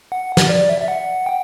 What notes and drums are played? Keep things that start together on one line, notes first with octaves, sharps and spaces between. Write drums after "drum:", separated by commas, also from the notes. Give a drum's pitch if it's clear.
F#5
drum: snare
D5
E5
E5
F#5
G5